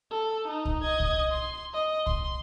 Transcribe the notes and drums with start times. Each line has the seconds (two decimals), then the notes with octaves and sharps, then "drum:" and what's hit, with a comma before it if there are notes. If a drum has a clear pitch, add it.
0.11 A4
0.48 D#4
0.65 drum: kick C2
0.83 D#5 G#6
1.00 drum: kick C2
1.31 C6
1.73 D#5
2.07 C6, drum: kick C2